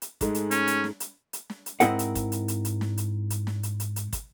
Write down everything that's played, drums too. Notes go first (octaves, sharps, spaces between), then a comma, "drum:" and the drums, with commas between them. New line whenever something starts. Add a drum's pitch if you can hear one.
drum: hi-hat
G#2 G#3 A3, drum: kick, hi-hat
drum: hi-hat
C#4, drum: hi-hat
drum: hi-hat
drum: snare
drum: hi-hat
drum: hi-hat
drum: snare
drum: hi-hat
G#2 C4 E4 G#4 A#4 F#5, drum: hi-hat
drum: hi-hat
drum: kick, hi-hat
drum: hi-hat
drum: hi-hat
drum: hi-hat
drum: snare
drum: hi-hat
drum: hi-hat
drum: snare
drum: hi-hat
drum: hi-hat
drum: hi-hat
drum: kick, hi-hat